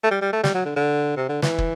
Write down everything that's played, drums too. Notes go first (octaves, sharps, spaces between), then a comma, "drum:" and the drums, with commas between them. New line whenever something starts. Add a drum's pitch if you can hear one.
A3
G3
G3
A3
G3, drum: snare
F#3
D3
D3
C3
D3
E3, drum: snare
drum: kick